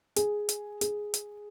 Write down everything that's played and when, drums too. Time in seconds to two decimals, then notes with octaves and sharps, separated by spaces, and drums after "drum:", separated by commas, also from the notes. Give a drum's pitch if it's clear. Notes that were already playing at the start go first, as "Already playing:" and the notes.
0.16 G#4, drum: hi-hat
0.49 drum: hi-hat
0.81 G#4, drum: hi-hat
1.14 drum: hi-hat